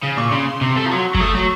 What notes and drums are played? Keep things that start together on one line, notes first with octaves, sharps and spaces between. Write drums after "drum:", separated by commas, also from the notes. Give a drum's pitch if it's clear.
C#3
A#2 C#6
C#3 C6
C3
A3
F3 A#5
F#3 C6
C#6
F#3, drum: kick
A3 D#6
F#3 C#6